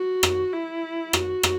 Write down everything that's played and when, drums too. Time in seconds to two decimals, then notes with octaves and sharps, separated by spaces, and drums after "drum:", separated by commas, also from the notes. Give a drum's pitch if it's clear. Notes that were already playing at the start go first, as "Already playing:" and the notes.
Already playing: F#4
0.23 drum: rim click
0.53 E4
1.13 F#4, drum: rim click
1.43 drum: rim click